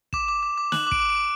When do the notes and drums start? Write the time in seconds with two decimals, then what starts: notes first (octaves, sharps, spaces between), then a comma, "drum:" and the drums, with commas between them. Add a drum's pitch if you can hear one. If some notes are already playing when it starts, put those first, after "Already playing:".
0.13 D6 E7, drum: kick
0.28 D6
0.43 D6
0.58 D6
0.72 F#6 F#7, drum: snare
0.87 D6
0.92 D7, drum: kick
1.00 D6
1.10 D6 D7